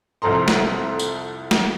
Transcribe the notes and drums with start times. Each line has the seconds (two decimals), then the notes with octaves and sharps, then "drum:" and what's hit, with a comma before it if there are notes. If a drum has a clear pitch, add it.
0.22 C2 F2 F3 A4 A#5 C6
0.48 drum: snare
0.99 drum: tambourine
1.51 drum: snare